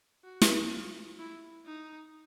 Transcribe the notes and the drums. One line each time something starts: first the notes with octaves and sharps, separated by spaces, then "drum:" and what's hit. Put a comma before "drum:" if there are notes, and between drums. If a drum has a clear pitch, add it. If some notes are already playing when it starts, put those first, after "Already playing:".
F#4
drum: snare
F4
E4
D#4